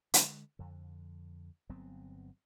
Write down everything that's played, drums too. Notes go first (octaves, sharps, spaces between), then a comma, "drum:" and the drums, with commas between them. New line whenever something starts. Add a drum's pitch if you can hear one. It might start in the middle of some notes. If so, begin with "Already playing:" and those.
D3 G#3, drum: hi-hat
F2 D3
G1 F#3 B3 C4